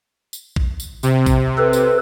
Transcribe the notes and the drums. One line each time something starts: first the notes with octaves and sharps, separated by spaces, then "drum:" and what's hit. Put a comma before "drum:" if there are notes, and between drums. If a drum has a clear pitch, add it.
drum: tambourine
drum: kick A#1
drum: tambourine
C3, drum: tambourine
drum: kick A#1, tambourine
A4 B4
drum: tambourine